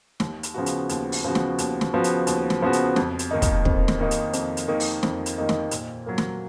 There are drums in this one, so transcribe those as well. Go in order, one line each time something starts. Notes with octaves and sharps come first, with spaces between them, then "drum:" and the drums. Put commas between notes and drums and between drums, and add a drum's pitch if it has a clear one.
D#2, drum: snare
drum: hi-hat
C#3 F3 B3 F#4
drum: hi-hat
D#2, drum: hi-hat
drum: open hi-hat
C#3 F3 B3 F#4
drum: snare
D#2, drum: hi-hat
drum: snare
C#3 F3 B3 F#4
drum: hi-hat
D#2, drum: hi-hat
drum: snare
C#3 F3 B3 F#4
drum: hi-hat
F2, drum: snare
drum: hi-hat
D#3 A#3 D#4
drum: kick, hi-hat
F2, drum: kick
drum: snare
D#3 A#3 D#4
drum: hi-hat
F2, drum: hi-hat
drum: hi-hat
D#3 A#3 D#4
drum: open hi-hat
F2, drum: snare
drum: hi-hat
D#3 A#3 D#4
drum: snare
A#2, drum: hi-hat
F#3 A#3
drum: snare